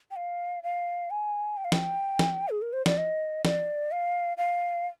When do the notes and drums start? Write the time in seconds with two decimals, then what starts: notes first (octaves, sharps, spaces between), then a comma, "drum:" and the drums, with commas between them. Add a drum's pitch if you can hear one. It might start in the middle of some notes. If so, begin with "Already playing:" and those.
0.11 G5
0.16 F5
0.63 F5
1.10 G#5
1.57 G5
1.64 F5
1.72 G5, drum: snare
2.19 drum: snare
2.49 G#4
2.62 A#4
2.73 C5
2.86 D5, drum: snare
2.97 D#5
3.45 D5, drum: snare
3.92 F5
4.37 F5